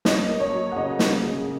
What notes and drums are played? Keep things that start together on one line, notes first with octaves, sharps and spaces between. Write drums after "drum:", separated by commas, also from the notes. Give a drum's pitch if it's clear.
C#4 D#5, drum: snare
A#3
C#5
F#3
F#5
C#3 D#5
A#3, drum: snare
C#3